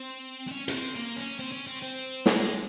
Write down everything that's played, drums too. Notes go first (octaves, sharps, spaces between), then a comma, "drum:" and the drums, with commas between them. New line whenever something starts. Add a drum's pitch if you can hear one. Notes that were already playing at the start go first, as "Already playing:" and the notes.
Already playing: C4
C4
C#4
C#4, drum: hi-hat
C4
A#3
C#4
C4
C#4
C4
C4
G#3, drum: snare